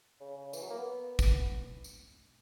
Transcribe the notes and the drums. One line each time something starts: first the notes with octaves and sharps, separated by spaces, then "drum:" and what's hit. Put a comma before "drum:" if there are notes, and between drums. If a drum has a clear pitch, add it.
C#3
C#3
E3, drum: tambourine
F#3
A#3
B3
drum: kick, tambourine
drum: tambourine